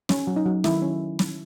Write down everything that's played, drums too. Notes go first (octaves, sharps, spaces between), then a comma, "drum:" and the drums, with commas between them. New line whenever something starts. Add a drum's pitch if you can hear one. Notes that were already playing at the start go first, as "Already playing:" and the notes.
C#4, drum: snare
F#3
D#4
F#3
D#3 E4, drum: snare
C#4
drum: snare